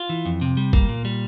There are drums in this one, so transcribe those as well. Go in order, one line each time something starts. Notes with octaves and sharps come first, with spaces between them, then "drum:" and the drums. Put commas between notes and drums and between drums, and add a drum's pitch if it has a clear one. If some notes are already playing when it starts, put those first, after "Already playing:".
Already playing: F4
E3
F2
C3
G3
A#3, drum: kick
A#2
G3